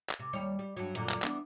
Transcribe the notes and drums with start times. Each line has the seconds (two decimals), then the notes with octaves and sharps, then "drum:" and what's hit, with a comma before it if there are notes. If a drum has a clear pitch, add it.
0.10 drum: clap
0.19 C3
0.33 D#2 G3 C#5
0.59 G3
0.77 G2 F#3
0.95 F#2 A#2 D3, drum: hi-hat
1.09 drum: clap
1.22 E3 B3 D4, drum: clap